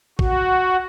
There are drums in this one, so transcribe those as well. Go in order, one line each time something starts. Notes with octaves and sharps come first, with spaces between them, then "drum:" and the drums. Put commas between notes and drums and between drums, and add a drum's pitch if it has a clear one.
F#4, drum: kick